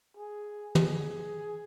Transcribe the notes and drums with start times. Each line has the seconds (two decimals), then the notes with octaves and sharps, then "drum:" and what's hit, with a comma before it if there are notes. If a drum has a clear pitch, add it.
0.17 G#4
0.75 G#4, drum: tom